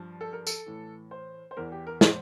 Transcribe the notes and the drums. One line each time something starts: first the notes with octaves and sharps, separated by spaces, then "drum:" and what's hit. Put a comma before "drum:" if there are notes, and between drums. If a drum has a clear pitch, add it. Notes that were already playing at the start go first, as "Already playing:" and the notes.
Already playing: G2 F3
A4
A#4
A4, drum: tambourine
A2 E3
C5
C5
E2 E3 A#4
G4
A#4
C5, drum: snare